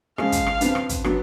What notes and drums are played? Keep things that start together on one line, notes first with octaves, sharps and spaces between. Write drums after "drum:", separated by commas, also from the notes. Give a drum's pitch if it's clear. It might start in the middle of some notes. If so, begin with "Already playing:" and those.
C#3 F3 G#3 F5, drum: rim click
drum: kick, hi-hat
drum: rim click
F2 F3 B3 D4, drum: hi-hat
drum: rim click
drum: kick, hi-hat
F#3 B3 D4, drum: rim click